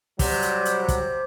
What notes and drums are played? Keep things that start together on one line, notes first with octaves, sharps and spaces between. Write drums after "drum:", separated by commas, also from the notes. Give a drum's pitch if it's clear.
C3 F#3 G3, drum: kick, open hi-hat
drum: hi-hat
drum: hi-hat
drum: kick, hi-hat